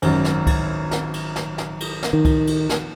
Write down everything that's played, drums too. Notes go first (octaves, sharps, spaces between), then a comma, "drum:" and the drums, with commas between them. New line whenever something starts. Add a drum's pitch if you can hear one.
G#1 F#2, drum: cymbal
drum: snare
drum: kick C2, cymbal
drum: snare
drum: cymbal
drum: snare
drum: snare
drum: cymbal
drum: snare
D#3
drum: kick C2, cymbal
drum: cymbal
drum: snare